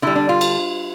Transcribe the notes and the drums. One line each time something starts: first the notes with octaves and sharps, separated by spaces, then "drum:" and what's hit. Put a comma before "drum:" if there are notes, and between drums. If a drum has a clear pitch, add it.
D3 G3 E4
D4
F4
drum: cymbal